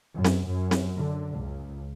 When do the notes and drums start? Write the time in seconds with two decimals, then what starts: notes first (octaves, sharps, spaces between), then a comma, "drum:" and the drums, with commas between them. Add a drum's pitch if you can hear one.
0.14 F#2
0.25 drum: snare C4
0.48 F#2
0.71 drum: snare C4
0.98 D3
1.39 C#2